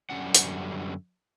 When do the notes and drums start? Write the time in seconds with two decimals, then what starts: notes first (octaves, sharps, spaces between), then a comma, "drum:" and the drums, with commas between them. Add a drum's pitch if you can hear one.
0.10 F#2 D3 D#3 G3 C#4 F#5
0.35 drum: hi-hat